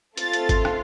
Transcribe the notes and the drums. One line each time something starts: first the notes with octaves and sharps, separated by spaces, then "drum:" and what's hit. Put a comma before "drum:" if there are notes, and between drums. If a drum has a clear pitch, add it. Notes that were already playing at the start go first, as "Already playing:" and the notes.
A3 C4 F4 A4 A6, drum: hi-hat
drum: hi-hat
drum: kick G1, hi-hat
drum: rim click